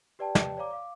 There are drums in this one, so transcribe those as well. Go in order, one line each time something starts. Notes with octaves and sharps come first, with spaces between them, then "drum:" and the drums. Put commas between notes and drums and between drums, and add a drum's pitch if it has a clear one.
G4 B4 D5 G5 A5
drum: snare
C#5 D5 F5 A#5 D6
F5 D6